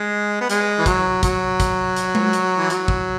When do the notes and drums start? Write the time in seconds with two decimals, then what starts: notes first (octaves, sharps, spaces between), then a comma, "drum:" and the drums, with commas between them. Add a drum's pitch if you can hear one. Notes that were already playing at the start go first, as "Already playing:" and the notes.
Already playing: G#3
0.41 B3
0.50 G#3, drum: hi-hat
0.79 E3
0.86 F#3, drum: kick, hi-hat
1.23 F#3, drum: kick, hi-hat
1.60 drum: kick, hi-hat
1.96 drum: hi-hat
2.15 drum: tom G#3
2.33 drum: hi-hat
2.58 E3
2.70 F#3, drum: hi-hat
2.88 drum: kick